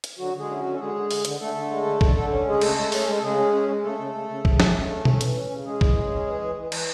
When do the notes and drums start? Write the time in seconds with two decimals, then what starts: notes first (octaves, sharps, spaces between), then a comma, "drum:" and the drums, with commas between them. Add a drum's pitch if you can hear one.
0.04 drum: hi-hat
0.19 D3 F#3 F#4
0.34 D3 G#3 G#4
0.49 C#4 E4
0.59 D3 F#3 F#4
0.74 A4
0.80 D3 G#3 G#4
0.94 D3
1.11 D3, drum: open hi-hat
1.25 D3, drum: hi-hat
1.41 D3 A3 A4
1.55 D3
1.71 G#3
1.86 D3
2.01 D3, drum: kick
2.16 D3
2.31 C#4
2.46 G#3 G#4
2.61 C#3 A3 A4, drum: cymbal
2.77 G#3
2.92 C#4, drum: open hi-hat
3.07 G#3
3.18 A4
3.22 C#3 G#3 G#4
3.38 C#4
3.53 C#4
3.68 G#3
3.83 C#3 A3 A4
3.99 C#3
4.14 C#3
4.29 C#3
4.45 C#3, drum: kick
4.60 C#4, drum: snare
4.75 C#3
4.90 C#4
5.05 C#4, drum: tom B2
5.21 E3, drum: hi-hat
5.35 C#4
5.51 C#3
5.66 G#3 C#4 G#4
5.81 E3, drum: kick
5.96 C#3
6.11 C#4
6.27 E3
6.41 E3
6.56 E3
6.72 E3, drum: cymbal